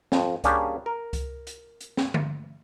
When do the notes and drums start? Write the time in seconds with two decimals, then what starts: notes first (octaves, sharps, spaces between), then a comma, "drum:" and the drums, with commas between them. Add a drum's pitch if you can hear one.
0.12 F2, drum: snare
0.44 G3 A#3 C#4 D4 G4 G#4, drum: kick C#2, hi-hat
0.86 A#4
1.13 drum: kick C#2, hi-hat
1.47 drum: hi-hat
1.81 drum: hi-hat
1.97 drum: snare
2.14 drum: tom D3